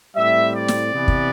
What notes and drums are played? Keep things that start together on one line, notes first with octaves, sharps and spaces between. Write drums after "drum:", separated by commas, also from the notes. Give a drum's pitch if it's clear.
A2 G3 C4 E5
D5
drum: snare
C3 E3 B3
drum: kick